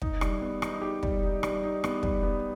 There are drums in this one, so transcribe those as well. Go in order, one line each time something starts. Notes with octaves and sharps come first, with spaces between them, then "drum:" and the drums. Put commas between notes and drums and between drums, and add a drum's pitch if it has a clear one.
D#4, drum: kick
G3, drum: rim click
B3
D#4, drum: rim click
G4
G3, drum: kick
D#4
G3, drum: rim click
D#4
B3, drum: rim click
G3, drum: kick
B3